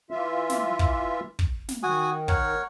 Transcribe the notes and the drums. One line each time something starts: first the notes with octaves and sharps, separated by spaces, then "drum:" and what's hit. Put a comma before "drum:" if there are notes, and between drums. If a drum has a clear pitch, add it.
E3 F4 E5
drum: snare
drum: kick
drum: kick
drum: snare
D#3 F#4 G#5 D#6
A#4 C#5 F#5, drum: kick